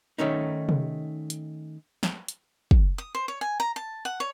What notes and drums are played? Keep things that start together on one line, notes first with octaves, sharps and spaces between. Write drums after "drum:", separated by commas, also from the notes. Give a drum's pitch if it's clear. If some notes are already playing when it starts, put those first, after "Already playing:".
D#3 A3 C#4 D#4
drum: tom C3
drum: hi-hat
drum: snare
drum: hi-hat
drum: kick
D#6
C5
C#5
G#5
A#5
A5
F#5
C#5